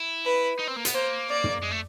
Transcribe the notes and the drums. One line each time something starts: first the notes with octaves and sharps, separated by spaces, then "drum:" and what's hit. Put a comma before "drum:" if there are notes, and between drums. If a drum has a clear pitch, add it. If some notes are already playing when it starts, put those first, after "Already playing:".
Already playing: E4
B4
D#4
C4
A#3
B3, drum: hi-hat
A#3 C5
D5
drum: tom
G#3
A3